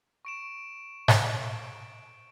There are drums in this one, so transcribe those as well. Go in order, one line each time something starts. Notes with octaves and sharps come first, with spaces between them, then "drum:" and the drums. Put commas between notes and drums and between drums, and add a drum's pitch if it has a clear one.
C#6 D7 E7
drum: snare G#2